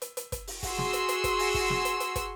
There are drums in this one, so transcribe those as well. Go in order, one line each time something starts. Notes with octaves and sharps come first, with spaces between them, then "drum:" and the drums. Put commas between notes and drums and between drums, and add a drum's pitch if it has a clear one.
drum: hi-hat
drum: hi-hat
drum: kick, hi-hat
drum: open hi-hat
F#4 G#4 C6 E6, drum: kick, open hi-hat
drum: snare
drum: hi-hat
drum: hi-hat
drum: kick, hi-hat
drum: open hi-hat
drum: kick, open hi-hat
drum: snare
drum: hi-hat
drum: hi-hat
drum: kick, hi-hat